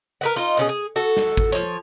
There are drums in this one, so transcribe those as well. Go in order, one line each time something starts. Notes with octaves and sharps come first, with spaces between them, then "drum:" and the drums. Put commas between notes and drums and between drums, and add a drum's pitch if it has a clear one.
A#4 B4 F#5
D#4 F4
B2 C#4 G#4
G#4
F#4 A4
drum: snare
drum: kick G#1
F3 C#5